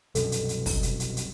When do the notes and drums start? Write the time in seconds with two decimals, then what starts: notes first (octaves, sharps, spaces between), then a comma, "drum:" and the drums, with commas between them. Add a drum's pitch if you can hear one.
0.15 C2 F#2 B2 A4, drum: hi-hat
0.32 drum: hi-hat
0.49 drum: hi-hat
0.66 drum: kick, open hi-hat
0.83 drum: hi-hat
1.00 drum: hi-hat
1.17 drum: hi-hat